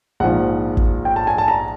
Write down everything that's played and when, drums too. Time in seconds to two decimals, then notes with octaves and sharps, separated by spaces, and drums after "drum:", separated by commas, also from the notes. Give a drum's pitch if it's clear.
0.20 A#1 G#2 F3 F#5
0.77 drum: kick
1.05 G5
1.16 A5
1.27 G#5
1.38 A5
1.48 A#5